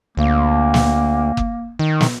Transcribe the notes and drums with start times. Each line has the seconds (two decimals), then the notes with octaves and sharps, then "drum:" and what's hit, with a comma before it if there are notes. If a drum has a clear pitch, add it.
0.17 D2 A#3
0.74 drum: snare
1.37 drum: kick F#1
1.79 D#3
2.01 drum: snare